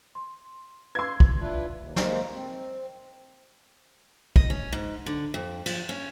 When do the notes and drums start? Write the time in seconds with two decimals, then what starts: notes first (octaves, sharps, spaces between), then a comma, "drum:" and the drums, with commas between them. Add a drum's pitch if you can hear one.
0.15 C6
0.95 B4 F5 C6 E6 G#6
1.20 drum: kick
1.40 D4 E4 F4 B4
1.75 D#2
1.96 G#3 A#3 C5 A#5, drum: snare
2.32 C4
4.36 D#5, drum: kick
4.50 C#4
4.73 G#2
5.06 D3
5.34 F2
5.66 F3, drum: cymbal
5.89 C#4